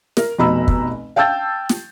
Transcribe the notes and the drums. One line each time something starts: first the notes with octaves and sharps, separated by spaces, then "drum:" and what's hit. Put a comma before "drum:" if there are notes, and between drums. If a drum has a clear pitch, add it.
A#4, drum: snare
F1 B2 A#5 B5 E6
drum: kick
F5 G5 A5 E6 G6 A6
drum: snare